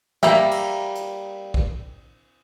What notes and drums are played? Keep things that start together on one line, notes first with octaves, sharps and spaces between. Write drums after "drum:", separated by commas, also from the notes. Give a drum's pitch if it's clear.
G3 A#3 A#4 E5, drum: snare
drum: cymbal
drum: hi-hat
drum: kick A#1